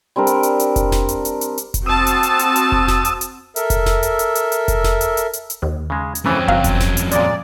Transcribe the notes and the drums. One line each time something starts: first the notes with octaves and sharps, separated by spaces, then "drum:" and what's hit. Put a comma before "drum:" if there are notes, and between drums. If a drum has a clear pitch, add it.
G3 C4 D4 A#4
drum: hi-hat
drum: hi-hat
drum: hi-hat
drum: kick F1, hi-hat
drum: snare E1
drum: hi-hat
drum: hi-hat
drum: hi-hat
drum: hi-hat
drum: kick F1, hi-hat
C4 F#4 A5 D#6 E6
drum: hi-hat
drum: hi-hat
drum: hi-hat
drum: hi-hat
drum: kick F1
drum: snare E1
drum: hi-hat
drum: hi-hat
A4 A#4 E5, drum: hi-hat
drum: kick F1, hi-hat
drum: snare E1
drum: hi-hat
drum: hi-hat
drum: hi-hat
drum: hi-hat
drum: kick F1, hi-hat
drum: snare E1
drum: hi-hat
drum: hi-hat
drum: hi-hat
drum: hi-hat
D#2
C#3 G#3
drum: hi-hat
F2 C#3 E3 A3 C4 C#4
G1 F#3 F5
drum: kick F1, hi-hat
drum: snare E1
drum: hi-hat
A#2 G#3 D5, drum: hi-hat